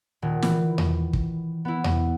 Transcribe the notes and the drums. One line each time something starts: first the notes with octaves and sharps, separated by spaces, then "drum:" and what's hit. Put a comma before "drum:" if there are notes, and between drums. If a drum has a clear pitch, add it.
D#1
E3, drum: snare
drum: tom E2
drum: kick
B3 E4
drum: tom E2